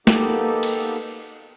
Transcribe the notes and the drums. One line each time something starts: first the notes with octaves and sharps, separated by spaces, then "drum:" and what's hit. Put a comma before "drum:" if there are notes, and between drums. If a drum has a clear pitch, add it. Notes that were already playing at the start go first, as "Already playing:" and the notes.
A#3 B3 D#4 G4 A4, drum: snare
drum: cymbal